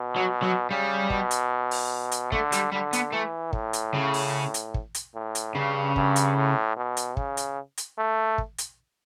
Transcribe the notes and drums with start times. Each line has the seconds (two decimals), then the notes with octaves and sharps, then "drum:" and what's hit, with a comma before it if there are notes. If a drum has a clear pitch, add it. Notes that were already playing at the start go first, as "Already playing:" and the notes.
Already playing: B2
0.16 F#3
0.43 F#3
0.70 C#3 G3
1.10 B2, drum: kick
1.31 drum: hi-hat
1.71 drum: open hi-hat
2.12 drum: hi-hat
2.32 D3 A3, drum: kick
2.52 G3, drum: hi-hat
2.72 D3 G3
2.93 B3, drum: hi-hat
3.12 E3 A3
3.53 A2, drum: kick
3.73 drum: hi-hat
3.94 C#3
4.14 drum: open hi-hat
4.54 drum: hi-hat
4.74 drum: kick
4.95 drum: hi-hat
5.15 A2
5.35 drum: hi-hat
5.55 G2 C#3
5.96 G2, drum: kick
6.16 drum: hi-hat
6.36 A2
6.77 B2
6.97 drum: hi-hat
7.17 C#3, drum: kick
7.37 drum: hi-hat
7.78 drum: hi-hat
7.98 A3
8.38 drum: kick
8.58 drum: hi-hat